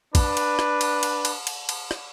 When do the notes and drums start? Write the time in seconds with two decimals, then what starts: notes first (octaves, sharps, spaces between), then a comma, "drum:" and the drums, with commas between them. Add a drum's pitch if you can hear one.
0.15 D4 B4, drum: kick, cymbal
0.37 drum: cymbal
0.59 drum: rim click
0.81 drum: cymbal
1.03 drum: cymbal
1.25 drum: cymbal
1.47 drum: cymbal
1.69 drum: cymbal
1.91 drum: rim click